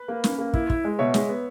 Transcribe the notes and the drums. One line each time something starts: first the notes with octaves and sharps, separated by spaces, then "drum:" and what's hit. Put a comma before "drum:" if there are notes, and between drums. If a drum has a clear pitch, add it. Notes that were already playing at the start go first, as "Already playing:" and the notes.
Already playing: B4
A#3
C#4, drum: snare
A#3
E4, drum: kick
E4, drum: kick
G#3
B2 C#5 E5
G#3, drum: snare
B3